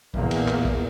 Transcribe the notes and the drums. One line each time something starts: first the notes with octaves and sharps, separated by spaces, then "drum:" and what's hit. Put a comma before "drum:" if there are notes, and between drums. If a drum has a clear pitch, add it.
E2 A#2 A#3, drum: kick
drum: cymbal
drum: clap
drum: kick